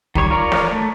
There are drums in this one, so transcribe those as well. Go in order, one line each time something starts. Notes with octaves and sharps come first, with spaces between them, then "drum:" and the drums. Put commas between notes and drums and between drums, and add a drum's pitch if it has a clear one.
D#3 G3 C#5 C#6, drum: kick
F4 A#4 C#5 D5 A#5
drum: snare
A3